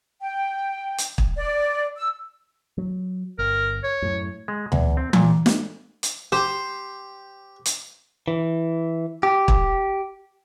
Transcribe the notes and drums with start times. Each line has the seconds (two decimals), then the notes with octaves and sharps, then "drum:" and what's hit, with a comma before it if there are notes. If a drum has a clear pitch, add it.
0.22 G5
0.98 drum: hi-hat
1.18 drum: kick
1.38 D5
1.98 E6
2.78 F#3
3.39 G1 A#4
3.84 C#5
4.02 F#2 A2
4.48 G#3
4.72 E2, drum: tom D2
4.97 C4
5.13 A#2, drum: tom E3
5.46 drum: snare
6.03 drum: hi-hat
6.32 G4 C5
7.66 drum: hi-hat
8.28 E3
9.23 G4
9.48 drum: kick